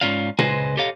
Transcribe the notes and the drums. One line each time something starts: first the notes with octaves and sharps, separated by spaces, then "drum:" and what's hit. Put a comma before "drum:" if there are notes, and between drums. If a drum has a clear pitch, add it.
G#2 C#4 F4 D5 F5
C#2 G#3 B4 C5 D#5 G#5, drum: tom A#2
G4 A4 C#5 D#5 F5